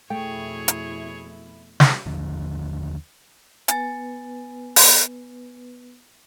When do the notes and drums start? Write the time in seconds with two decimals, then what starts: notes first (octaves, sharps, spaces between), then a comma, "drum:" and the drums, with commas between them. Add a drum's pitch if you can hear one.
0.10 F2 B2 A3 E4 G#4 C#5 G5
0.68 drum: hi-hat
1.80 drum: snare
2.06 D#2 D3 F3
3.68 B3 B4 G#5 A6, drum: hi-hat
4.76 drum: open hi-hat